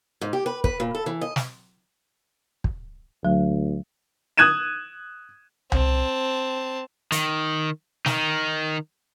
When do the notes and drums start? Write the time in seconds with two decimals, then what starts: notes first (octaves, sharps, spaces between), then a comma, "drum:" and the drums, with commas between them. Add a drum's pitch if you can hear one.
0.21 G#2
0.33 G4
0.46 B4
0.64 B4, drum: kick
0.80 A#2
0.95 A4
1.06 E3
1.21 D#5
1.36 drum: snare
2.64 drum: kick
3.25 D2 F#3
4.37 D#6 F#6 G#6 D#7 E7
5.72 C4 A5, drum: tom C2
7.12 D#3, drum: hi-hat
8.06 D#3 D#4, drum: snare